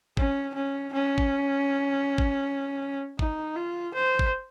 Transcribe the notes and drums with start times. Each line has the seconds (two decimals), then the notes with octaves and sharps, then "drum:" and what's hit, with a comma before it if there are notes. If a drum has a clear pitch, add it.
0.17 C#4, drum: kick G#1
0.55 C#4
0.93 C#4
1.18 drum: kick G#1
2.18 drum: kick G#1
3.19 D#4, drum: kick G#1
3.56 F4
3.94 C5
4.19 drum: kick G#1